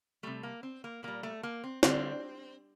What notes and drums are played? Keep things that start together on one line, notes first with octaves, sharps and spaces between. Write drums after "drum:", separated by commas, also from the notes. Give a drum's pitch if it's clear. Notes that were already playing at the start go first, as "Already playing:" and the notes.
C3 G3 A3
A#3
C4
A#3
A#2 G3 A#3
A3
A#3
C4
D3 G3 C4, drum: snare